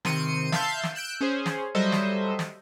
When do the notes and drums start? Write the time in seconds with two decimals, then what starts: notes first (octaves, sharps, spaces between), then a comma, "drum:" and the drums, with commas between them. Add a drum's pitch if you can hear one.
0.05 C3 D#3 C4 C6 C#7 D#7, drum: snare
0.52 E5 F5 A5 C6 G6, drum: snare
0.83 drum: snare
0.95 E6 F#6 G6 D7
1.21 C#4 G#4 C5
1.46 drum: snare
1.75 F#3 G3 A4 C5 D#5 E5
1.92 drum: snare
2.39 drum: snare